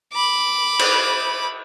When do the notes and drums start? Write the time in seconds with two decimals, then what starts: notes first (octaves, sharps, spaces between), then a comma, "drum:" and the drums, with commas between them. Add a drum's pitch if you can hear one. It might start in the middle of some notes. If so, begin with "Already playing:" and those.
0.14 B5 D6
0.79 drum: cymbal